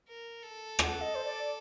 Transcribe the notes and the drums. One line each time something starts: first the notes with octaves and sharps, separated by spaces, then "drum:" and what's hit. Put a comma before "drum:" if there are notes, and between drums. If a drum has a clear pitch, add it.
A#4
A4
A5, drum: rim click
F#5
D#5
C5
D5